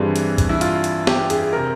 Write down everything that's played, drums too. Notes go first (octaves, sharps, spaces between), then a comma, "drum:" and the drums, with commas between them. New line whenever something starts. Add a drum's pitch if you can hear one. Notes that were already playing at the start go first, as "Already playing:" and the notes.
Already playing: G2 E3 G3 C4 G#4
drum: hi-hat
drum: kick B1, hi-hat
E4
F4, drum: hi-hat
drum: hi-hat
G4, drum: snare
G#4, drum: hi-hat
C3 A#4